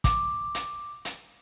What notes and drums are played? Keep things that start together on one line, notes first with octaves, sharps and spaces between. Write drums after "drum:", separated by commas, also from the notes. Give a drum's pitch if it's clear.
D6, drum: kick, hi-hat
drum: hi-hat
drum: hi-hat